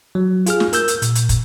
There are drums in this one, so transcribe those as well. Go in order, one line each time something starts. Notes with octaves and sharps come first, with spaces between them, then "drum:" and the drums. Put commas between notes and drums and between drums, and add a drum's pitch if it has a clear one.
F#3
F4 G#4 F6, drum: hi-hat
drum: snare
A#4 E6 G6, drum: hi-hat
drum: hi-hat
A#2, drum: hi-hat
drum: hi-hat
drum: kick, hi-hat